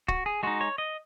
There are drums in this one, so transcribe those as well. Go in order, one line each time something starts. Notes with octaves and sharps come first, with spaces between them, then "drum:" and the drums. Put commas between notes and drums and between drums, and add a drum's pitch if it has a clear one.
F#4, drum: kick C#1
G#4
G#3 D#4 F#4
C#5
D#5